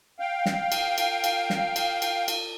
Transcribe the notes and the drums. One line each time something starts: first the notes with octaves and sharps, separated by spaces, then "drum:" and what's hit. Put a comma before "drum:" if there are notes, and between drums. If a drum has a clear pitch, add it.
F5 G5
drum: snare
drum: cymbal
drum: cymbal
drum: cymbal
drum: snare
drum: cymbal
drum: cymbal
drum: cymbal